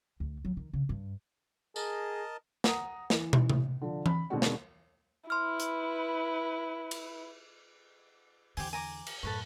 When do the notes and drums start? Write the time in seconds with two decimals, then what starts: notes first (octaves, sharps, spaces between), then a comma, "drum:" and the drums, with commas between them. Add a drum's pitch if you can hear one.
0.20 D2
0.45 F#3
0.57 D#3
0.73 C#3
0.89 G2
1.76 G#4 A#4 D#5 A5, drum: tambourine
2.64 F#5 A#5 D#6, drum: snare
3.10 E3, drum: snare
3.33 drum: tom
3.50 drum: tom C3
3.82 D3 F3
4.06 B5, drum: tom E3
4.30 B2 D3 D#3 G#3 C4 F#4
4.42 drum: snare
5.30 E4 B4 C6 F6
5.60 drum: hi-hat
6.91 drum: cymbal
8.57 E2 D3 G4 C5 G#5, drum: open hi-hat
8.73 G#5 A#5 D6
9.06 drum: cymbal
9.23 F#2 A2 A4 B4 C#5